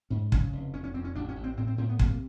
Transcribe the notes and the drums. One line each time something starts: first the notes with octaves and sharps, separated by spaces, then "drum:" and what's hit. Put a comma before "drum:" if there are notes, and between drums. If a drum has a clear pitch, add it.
G#2 C#4
C#3 C#4, drum: kick
F1
F1 C#4
C#4
F2 C4
C#4
A1 D4
C#4
A1
C4
A2 C4
C4
A2 C4
B3
C3 A#3, drum: kick